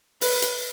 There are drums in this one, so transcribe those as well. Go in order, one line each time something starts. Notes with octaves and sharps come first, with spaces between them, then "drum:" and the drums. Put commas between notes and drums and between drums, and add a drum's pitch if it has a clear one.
B4, drum: open hi-hat
drum: hi-hat